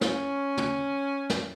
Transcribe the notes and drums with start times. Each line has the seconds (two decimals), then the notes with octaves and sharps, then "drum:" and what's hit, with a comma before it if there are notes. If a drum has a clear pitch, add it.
0.01 C#4, drum: snare
0.57 drum: tom
1.30 drum: snare